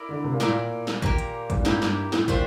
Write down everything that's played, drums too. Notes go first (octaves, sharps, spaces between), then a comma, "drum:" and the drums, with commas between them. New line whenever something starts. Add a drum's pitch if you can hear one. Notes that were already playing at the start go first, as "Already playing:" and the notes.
Already playing: E4 A#4 D5
D3
C3
A#2
A2 E4 A#4 D5, drum: snare
A#2
drum: snare
A#3 E4 G4 A#4, drum: kick
drum: hi-hat
drum: kick, hi-hat
G2
A2 A#3 E4 G4 A#4, drum: snare
G2, drum: snare
A2, drum: snare
A#2 A3 D4 G4 C5, drum: kick